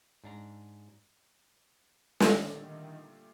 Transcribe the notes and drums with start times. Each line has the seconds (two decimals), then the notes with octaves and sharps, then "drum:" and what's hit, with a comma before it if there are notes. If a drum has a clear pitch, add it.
0.24 G#2 D4 A#5
2.20 A#2 D3 D#3 G3 A3 E4, drum: snare